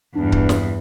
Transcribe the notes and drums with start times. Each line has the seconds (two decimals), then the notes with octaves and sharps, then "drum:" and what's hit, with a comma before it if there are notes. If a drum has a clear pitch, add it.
0.15 E2 G2 D4
0.32 drum: kick C#1
0.49 drum: snare